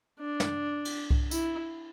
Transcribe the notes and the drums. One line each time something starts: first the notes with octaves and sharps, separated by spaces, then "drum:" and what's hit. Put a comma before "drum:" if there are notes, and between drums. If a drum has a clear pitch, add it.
D4
drum: snare
drum: cymbal
drum: kick C2
E4, drum: tambourine